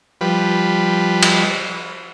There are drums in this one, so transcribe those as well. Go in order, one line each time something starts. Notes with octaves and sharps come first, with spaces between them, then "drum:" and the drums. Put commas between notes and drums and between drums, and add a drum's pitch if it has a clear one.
F3 G3 B4
drum: cymbal